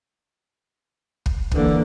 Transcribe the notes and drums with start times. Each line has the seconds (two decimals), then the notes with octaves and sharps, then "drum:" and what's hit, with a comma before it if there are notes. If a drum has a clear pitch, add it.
1.26 drum: kick
1.51 D3 E3 A#3, drum: kick